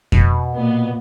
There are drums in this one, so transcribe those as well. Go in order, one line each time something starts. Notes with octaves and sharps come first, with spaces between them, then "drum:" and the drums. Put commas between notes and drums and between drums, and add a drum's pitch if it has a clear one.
B2, drum: kick F2
A#2 B3